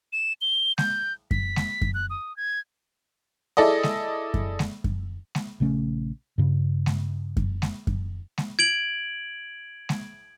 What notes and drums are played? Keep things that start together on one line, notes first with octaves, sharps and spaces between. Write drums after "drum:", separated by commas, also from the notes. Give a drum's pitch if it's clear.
E7
G7
G6, drum: snare G#3
B6, drum: kick F#2
drum: snare G#3
drum: kick F#2
F#6
D#6
G#6
E4 G#4 A4 D5 D#5
drum: snare G#3
drum: kick F#2
drum: snare G#3
drum: kick F#2
drum: snare G#3
A#1 C#3 A3 C#4
G2 C#3
drum: snare G#3
drum: kick F#2
drum: snare G#3
drum: kick F#2
drum: snare G#3
G#6 D7 F#7
drum: snare G#3